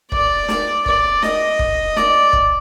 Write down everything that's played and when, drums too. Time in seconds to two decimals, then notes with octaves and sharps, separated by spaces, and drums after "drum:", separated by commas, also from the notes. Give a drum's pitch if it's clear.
0.12 D5, drum: kick
0.48 drum: snare
0.86 D5, drum: kick
1.23 D#5, drum: snare
1.59 drum: kick
1.96 D5, drum: snare
2.33 drum: kick